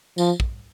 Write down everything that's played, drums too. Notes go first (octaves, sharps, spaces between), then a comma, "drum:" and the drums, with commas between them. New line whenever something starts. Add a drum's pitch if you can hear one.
F3, drum: tambourine
drum: kick